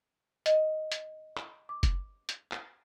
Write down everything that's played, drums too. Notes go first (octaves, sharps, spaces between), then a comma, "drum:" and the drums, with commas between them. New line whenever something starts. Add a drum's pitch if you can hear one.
D#5, drum: hi-hat
drum: hi-hat
drum: clap
D6
drum: kick, hi-hat
drum: hi-hat
drum: clap